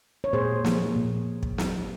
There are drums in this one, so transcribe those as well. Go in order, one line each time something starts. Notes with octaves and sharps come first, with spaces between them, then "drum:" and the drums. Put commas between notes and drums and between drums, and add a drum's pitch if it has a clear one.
C#5
A#2 G#4 C5
F3 A#3, drum: snare
A#2
drum: kick
drum: snare